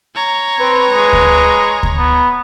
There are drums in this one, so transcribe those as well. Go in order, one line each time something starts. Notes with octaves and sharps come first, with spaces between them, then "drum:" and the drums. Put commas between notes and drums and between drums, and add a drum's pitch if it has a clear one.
C#5 A#5
C4 B4
G#3
drum: kick D2
drum: kick D2
B3